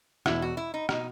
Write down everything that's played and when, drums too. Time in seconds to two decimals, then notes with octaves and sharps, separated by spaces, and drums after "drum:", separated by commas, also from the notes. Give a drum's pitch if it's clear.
0.26 E1 E2 B2 E4, drum: rim click
0.42 F#4
0.57 E4
0.74 D#4
0.89 B2 D#4, drum: rim click